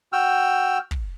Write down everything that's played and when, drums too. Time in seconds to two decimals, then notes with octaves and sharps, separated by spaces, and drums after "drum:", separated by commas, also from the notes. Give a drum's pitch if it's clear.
0.13 F#4 G5 E6 F6
0.91 drum: kick